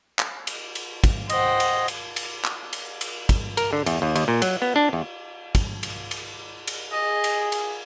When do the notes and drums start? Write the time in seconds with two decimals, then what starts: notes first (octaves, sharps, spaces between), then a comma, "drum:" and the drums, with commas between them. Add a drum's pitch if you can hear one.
0.19 drum: clap
0.47 drum: cymbal
0.75 drum: cymbal
1.04 drum: kick, cymbal
1.30 C5 D#5 F#5 G5, drum: cymbal
1.60 drum: cymbal
1.88 drum: cymbal
2.16 drum: cymbal
2.45 drum: clap
2.73 drum: cymbal
3.01 drum: cymbal
3.29 drum: kick, cymbal
3.57 A#4, drum: cymbal
3.73 D3
3.86 E2, drum: cymbal
4.02 D#2
4.16 D#2, drum: cymbal
4.28 A#2
4.42 F#3, drum: cymbal
4.62 B3
4.76 D4
4.93 E2
5.55 drum: kick, cymbal
5.83 drum: cymbal
6.11 drum: cymbal
6.68 drum: cymbal
6.92 G#4 D#5
7.24 drum: cymbal
7.52 drum: cymbal